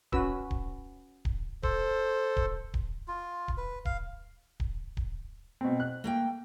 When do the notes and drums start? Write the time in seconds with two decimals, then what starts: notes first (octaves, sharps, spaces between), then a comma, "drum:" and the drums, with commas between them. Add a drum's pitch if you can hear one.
0.12 C#4 F#4 B4 E6, drum: kick D1
0.51 drum: kick D1
1.25 drum: kick D1
1.63 A4 C5, drum: kick D1
2.37 drum: kick D1
2.74 drum: kick D1
3.08 F4
3.48 drum: kick D1
3.57 B4
3.85 F5, drum: kick D1
4.60 drum: kick D1
4.97 drum: kick D1
5.61 B2 C4
5.80 F#6
6.04 A3 A#3 G5